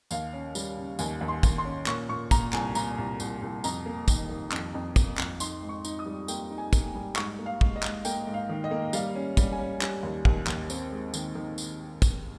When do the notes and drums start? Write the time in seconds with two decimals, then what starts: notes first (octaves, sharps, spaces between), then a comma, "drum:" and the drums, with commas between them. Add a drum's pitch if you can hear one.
0.11 D#2 F5, drum: tambourine
0.33 C#4
0.55 G3, drum: tambourine
0.77 C#3
0.99 D#2 G#5, drum: tambourine
1.21 D#2
1.28 C6
1.43 D#2, drum: kick, tambourine
1.58 C6
1.65 C#4
1.87 A#2 C#6, drum: clap
2.09 A#2 C#6
2.31 A#2 A#5, drum: kick, tambourine
2.53 C2 G#5, drum: clap
2.75 A#2 A#5, drum: tambourine
2.98 C2
3.20 C2, drum: tambourine
3.42 C2
3.64 F2 A#5, drum: tambourine
3.86 A#3
4.08 D#3, drum: kick, tambourine
4.29 D#3
4.52 F2, drum: clap
4.74 F2
4.96 A#3, drum: kick, tambourine
5.18 F2, drum: clap
5.40 D#4 C6, drum: tambourine
5.62 G#2
5.69 C#6
5.85 D#4, drum: tambourine
5.99 D#6
6.06 G3
6.28 A#3 G5, drum: tambourine
6.51 D#4
6.58 G#5
6.73 A#3, drum: kick, tambourine
6.95 G3
7.16 G#2 C#6, drum: clap
7.39 A#3
7.46 F5
7.61 G#2, drum: kick
7.76 D#5
7.83 G#2, drum: clap
8.05 A#3 G5, drum: tambourine
8.27 G#2
8.34 F5
8.49 D#3
8.64 D#5
8.71 A#3
8.93 G3 F5, drum: tambourine
9.15 C#4
9.37 G3, drum: kick, tambourine
9.52 G#5
9.59 C#4
9.82 G3, drum: clap
10.03 D#2
10.25 D#2, drum: kick
10.47 D#2, drum: clap
10.70 C4, drum: tambourine
10.92 G#3
11.14 D#3, drum: tambourine
11.35 D#3
11.58 drum: tambourine
12.02 drum: kick, tambourine